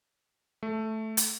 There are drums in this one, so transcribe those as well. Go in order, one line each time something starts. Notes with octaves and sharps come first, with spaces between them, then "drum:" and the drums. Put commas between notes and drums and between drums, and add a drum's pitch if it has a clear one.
A3
drum: hi-hat